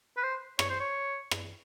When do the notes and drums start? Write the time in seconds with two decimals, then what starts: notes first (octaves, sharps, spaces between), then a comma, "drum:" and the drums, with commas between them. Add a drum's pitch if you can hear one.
0.17 B4
0.23 C5
0.59 C#5, drum: rim click
0.70 C5
0.80 C#5
1.31 drum: rim click